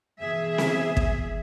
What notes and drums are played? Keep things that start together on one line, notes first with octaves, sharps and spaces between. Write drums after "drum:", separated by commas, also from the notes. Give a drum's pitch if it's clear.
B2 E3 G#4 E5
drum: snare C4
drum: kick